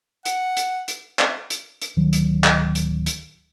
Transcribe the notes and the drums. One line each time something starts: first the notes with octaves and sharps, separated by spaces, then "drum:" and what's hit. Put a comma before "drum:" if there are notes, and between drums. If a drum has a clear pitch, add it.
F#5, drum: hi-hat
drum: hi-hat
drum: hi-hat
drum: clap
drum: hi-hat
drum: hi-hat
D1 D#3 F#3
drum: hi-hat
drum: clap
drum: hi-hat
drum: hi-hat